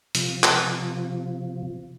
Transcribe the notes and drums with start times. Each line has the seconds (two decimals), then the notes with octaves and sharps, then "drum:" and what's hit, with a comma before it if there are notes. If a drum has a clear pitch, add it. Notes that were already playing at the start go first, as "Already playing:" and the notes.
0.15 C3 F3, drum: hi-hat
0.43 drum: clap